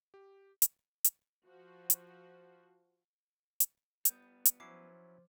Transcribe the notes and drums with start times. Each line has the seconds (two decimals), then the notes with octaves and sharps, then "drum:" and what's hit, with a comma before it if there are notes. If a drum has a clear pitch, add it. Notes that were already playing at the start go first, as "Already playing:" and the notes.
0.14 G4
0.62 drum: hi-hat
1.04 drum: hi-hat
1.47 F3 F#4
1.90 drum: hi-hat
3.60 drum: hi-hat
4.05 G3 B3 G6, drum: hi-hat
4.45 drum: hi-hat
4.60 F3 F#3 C#4 E4 D6 C7